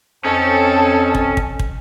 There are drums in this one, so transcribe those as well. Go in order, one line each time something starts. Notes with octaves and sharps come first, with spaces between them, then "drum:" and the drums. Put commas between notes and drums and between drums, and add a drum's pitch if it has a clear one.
F2 C4 C#4 D#4 A4 A5
drum: kick
drum: kick
drum: kick